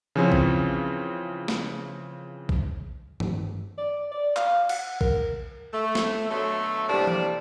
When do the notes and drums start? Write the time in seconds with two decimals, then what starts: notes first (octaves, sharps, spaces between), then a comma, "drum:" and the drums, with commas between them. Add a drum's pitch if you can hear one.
0.15 C#3 E3 F3 C4 C#4
0.32 drum: kick
1.48 drum: snare
2.49 drum: kick
3.20 drum: tom G2
3.78 D5
4.12 D5
4.36 F5, drum: clap
4.69 F#5, drum: cymbal
5.01 A#4, drum: kick
5.73 A3
5.95 drum: snare
6.30 B2 D3 F#3 A3
6.88 D#2 A2 C3 G3 A#3 D4
7.07 drum: tom E3